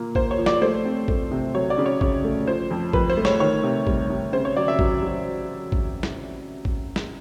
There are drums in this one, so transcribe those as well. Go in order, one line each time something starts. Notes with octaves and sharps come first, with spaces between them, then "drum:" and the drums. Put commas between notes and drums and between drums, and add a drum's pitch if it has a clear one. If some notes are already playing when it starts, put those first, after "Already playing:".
Already playing: A#2 A#3
A#3 C5, drum: kick G#1
C#5
F3
D5, drum: snare
A3 C5
C4
A3, drum: kick G#1
C3
F#3 C#5
D5
C#3
C#5
C#3 C#5, drum: kick G#1
A3
F3 C5
F2
F2 B4, drum: kick G#1
C5
A3
C#5, drum: snare
D#3 C#5
C3
G3, drum: kick G#1
C3
C#3 C5
C#5
F#3 D5
E5
F#3, drum: kick G#1
F#3
drum: kick G#1
drum: snare
drum: kick G#1
drum: snare